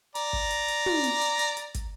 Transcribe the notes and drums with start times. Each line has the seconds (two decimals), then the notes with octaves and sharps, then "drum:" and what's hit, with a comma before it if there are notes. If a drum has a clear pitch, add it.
0.15 D5 A#5, drum: hi-hat
0.33 drum: kick
0.51 drum: hi-hat
0.68 drum: hi-hat
0.86 drum: tom
1.04 drum: hi-hat
1.22 drum: hi-hat
1.39 drum: hi-hat
1.57 drum: hi-hat
1.75 drum: kick, hi-hat